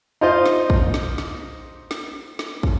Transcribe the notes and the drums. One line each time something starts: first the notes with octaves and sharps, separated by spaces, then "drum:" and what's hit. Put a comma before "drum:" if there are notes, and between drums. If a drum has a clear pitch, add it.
D#4 F4 C5 D#5
drum: snare
drum: kick
drum: snare
drum: snare
drum: snare
drum: snare
drum: kick